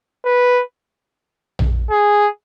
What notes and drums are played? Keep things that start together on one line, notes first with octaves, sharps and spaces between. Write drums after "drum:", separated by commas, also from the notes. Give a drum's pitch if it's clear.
B4
drum: tom A#1
G#4